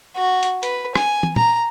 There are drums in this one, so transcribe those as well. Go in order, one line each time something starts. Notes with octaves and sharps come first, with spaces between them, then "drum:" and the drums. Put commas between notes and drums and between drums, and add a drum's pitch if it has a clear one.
F#4
drum: hi-hat
B4, drum: hi-hat
G#5, drum: rim click
drum: tom
A#5, drum: tom